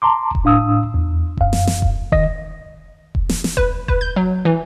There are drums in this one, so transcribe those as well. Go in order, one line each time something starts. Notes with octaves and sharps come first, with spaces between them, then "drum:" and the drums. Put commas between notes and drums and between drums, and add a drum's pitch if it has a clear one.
A5 A#5 C6 D6
drum: kick E1
A2 D4 F5 D#6 E6
E2
F#2 F5, drum: kick E1
drum: snare
drum: snare
drum: kick E1
D#3 D#5 A#6, drum: kick E1
drum: kick E1
drum: snare
drum: snare
B4, drum: kick E1
B4, drum: kick E1
G6
F#3
E3